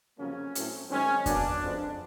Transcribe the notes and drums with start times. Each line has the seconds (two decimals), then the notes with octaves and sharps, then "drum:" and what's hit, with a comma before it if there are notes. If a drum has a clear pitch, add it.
0.19 F2 C#3 F#3 A#3 C#4
0.55 A2 F#3 A3 C4, drum: hi-hat
0.90 F#2 D#3 G#3 C4 C#4
1.26 B2 F#3 A#3 D4, drum: kick F2, hi-hat
1.62 F2 C#3 F3 G#3 B3